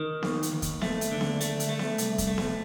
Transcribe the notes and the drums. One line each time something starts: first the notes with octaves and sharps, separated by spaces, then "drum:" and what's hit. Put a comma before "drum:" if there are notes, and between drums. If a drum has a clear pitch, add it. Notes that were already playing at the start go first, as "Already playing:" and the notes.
Already playing: D#3
D#2, drum: snare B3
drum: hi-hat
D#2
drum: kick, hi-hat
A3, drum: snare B3
drum: hi-hat
D3
drum: snare B3
A3, drum: hi-hat
drum: hi-hat
A3
drum: snare B3
C2, drum: hi-hat
drum: kick, hi-hat
A3
drum: snare B3